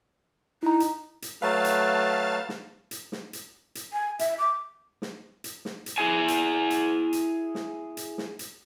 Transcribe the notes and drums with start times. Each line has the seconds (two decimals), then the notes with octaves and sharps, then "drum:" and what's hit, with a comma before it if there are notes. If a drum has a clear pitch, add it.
0.63 D#4 E4 A#5
0.80 drum: hi-hat
1.22 drum: hi-hat
1.42 F#3 A3 B4 F5 A5 A6
1.64 drum: hi-hat
2.49 drum: snare
2.91 drum: hi-hat
3.12 drum: snare
3.33 drum: hi-hat
3.75 drum: hi-hat
3.93 G#5
4.19 E5, drum: hi-hat
4.39 D6
5.02 drum: snare
5.44 drum: hi-hat
5.65 drum: snare
5.86 drum: hi-hat
5.98 E4 G#4 G#5
6.28 drum: hi-hat
6.70 drum: hi-hat
7.13 drum: hi-hat
7.55 drum: snare
7.97 drum: hi-hat
8.18 drum: snare
8.39 drum: hi-hat